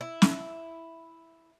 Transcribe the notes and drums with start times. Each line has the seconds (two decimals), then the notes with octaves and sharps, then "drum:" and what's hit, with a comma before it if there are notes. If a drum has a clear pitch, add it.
0.01 E4
0.22 drum: snare